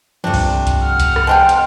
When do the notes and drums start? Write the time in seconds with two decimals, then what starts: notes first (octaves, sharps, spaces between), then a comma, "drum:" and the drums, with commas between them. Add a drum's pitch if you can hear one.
0.24 D2 G2 C3 F3 A3 D4
0.34 drum: kick C2, open hi-hat
0.67 drum: kick C2, hi-hat
0.83 F#5 F6
1.00 drum: kick C2, hi-hat
1.16 drum: rim click
1.27 B2 G#3 C4 G5 A5
1.49 drum: hi-hat